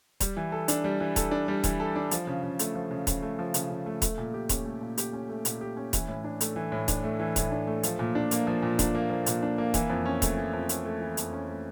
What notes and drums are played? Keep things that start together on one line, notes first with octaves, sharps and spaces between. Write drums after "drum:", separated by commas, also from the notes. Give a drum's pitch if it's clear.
G3, drum: kick D#1, hi-hat
E3
A4
D4, drum: hi-hat
G3
E3
A4, drum: kick D#1, hi-hat
D4
G3
E3, drum: kick D#1, hi-hat
A4
D4
F3, drum: hi-hat
C#3
C#3
A3, drum: hi-hat
F3
C#3
C#3, drum: kick D#1, hi-hat
A3
F3
C#3, drum: hi-hat
C#3
A3
A3, drum: kick D#1, hi-hat
A#2
G4
C#4, drum: kick D#1, hi-hat
A3
A#2
G4, drum: hi-hat
C#4
A3
A#2, drum: hi-hat
G4
C#4
E3, drum: kick D#1, hi-hat
A2
D4
A3, drum: hi-hat
E3
A2
D4, drum: kick D#1, hi-hat
A3
E3
A2, drum: kick D#1, hi-hat
D4
A3
F3, drum: hi-hat
A#2
D4
A#3, drum: hi-hat
F3
A#2
D4, drum: kick D#1, hi-hat
A#3
F3
A#2, drum: hi-hat
D4
A#3
E3, drum: kick D#1, hi-hat
F2
C#4
A3, drum: kick D#1, hi-hat
E3
F2
C#4, drum: hi-hat
A3
E3
F2, drum: hi-hat
C#4
A3